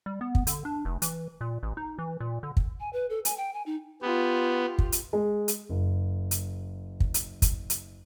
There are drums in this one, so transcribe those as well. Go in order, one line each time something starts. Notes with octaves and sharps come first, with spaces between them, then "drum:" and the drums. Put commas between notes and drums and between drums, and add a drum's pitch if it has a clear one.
G3
B3
drum: kick
D3, drum: hi-hat
D4
F1
E3, drum: hi-hat
A#2
A1
D#4
E3
A#2
D3
drum: kick
G#5
B4
A4
G#5, drum: hi-hat
G5
G#5
D#4
B3 F4 G4
drum: kick
drum: hi-hat
G#3
drum: hi-hat
F#1
drum: hi-hat
drum: kick
drum: hi-hat
drum: kick, hi-hat
drum: hi-hat